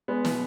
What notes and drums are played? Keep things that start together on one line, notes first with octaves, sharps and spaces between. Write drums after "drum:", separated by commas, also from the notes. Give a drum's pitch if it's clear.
G#3 B3
B2, drum: snare